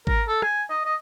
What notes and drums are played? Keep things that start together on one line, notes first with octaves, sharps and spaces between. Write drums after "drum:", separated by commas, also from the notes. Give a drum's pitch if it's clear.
A#4, drum: kick G#1
A4
G#5, drum: rim click
D#5
D#5